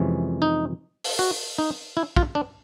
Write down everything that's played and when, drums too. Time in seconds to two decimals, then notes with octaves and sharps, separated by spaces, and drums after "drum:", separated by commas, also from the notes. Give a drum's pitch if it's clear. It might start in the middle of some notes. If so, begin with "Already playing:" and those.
Already playing: F2 C3 E3 G#3 C#4
0.42 D#4
1.04 drum: open hi-hat
1.19 F#4
1.58 D#4
1.97 E4
2.16 F4, drum: kick
2.35 D4